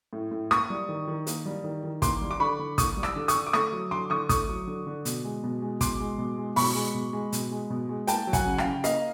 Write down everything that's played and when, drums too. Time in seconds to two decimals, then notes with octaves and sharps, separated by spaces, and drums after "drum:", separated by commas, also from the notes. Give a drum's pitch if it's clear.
0.13 A2
0.31 A2
0.51 A#3 C#6 D#6, drum: rim click
0.70 G3
0.89 D#3
1.07 D#3
1.27 A#3, drum: hi-hat
1.46 G3
1.64 D#3
1.83 D#3
2.02 A#3 C6 D6, drum: kick, hi-hat
2.21 G3
2.31 D6
2.40 D3 B5 C#6
2.59 D3
2.78 A#3 C#6 D#6, drum: kick, hi-hat
2.97 G3
3.03 D6 E6, drum: rim click
3.16 D3
3.28 C#6 D#6, drum: hi-hat
3.35 D3
3.47 D6
3.53 A3 C#6 D#6, drum: rim click
3.73 F#3
3.91 D3 C6 D6
4.10 D3 C#6 D#6
4.29 A3 C#6 D#6, drum: kick, hi-hat
4.49 F#3
4.67 D3
4.87 D3
5.05 B2, drum: hi-hat
5.24 G#3
5.44 B2
5.62 G#3
5.81 B2 C6 D6, drum: kick, hi-hat
6.00 G#3
6.18 B2
6.38 G#3
6.56 B2 B5 C#6, drum: open hi-hat
6.75 G#3
6.94 B2
7.13 G#3
7.32 B2, drum: hi-hat
7.51 G#3
7.70 B2
7.89 G#3
8.07 A#3 G5 A5, drum: hi-hat
8.27 F#3
8.33 F#5 G#5, drum: kick, hi-hat
8.46 C#3
8.58 F5 G5, drum: rim click
8.65 C#3
8.84 A#3 D#5 F5, drum: hi-hat